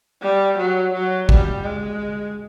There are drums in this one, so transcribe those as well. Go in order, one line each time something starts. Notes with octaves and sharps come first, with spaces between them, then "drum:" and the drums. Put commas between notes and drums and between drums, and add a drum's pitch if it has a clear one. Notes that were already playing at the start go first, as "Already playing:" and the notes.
G3
F#3
F#3
G3, drum: kick A1
G#3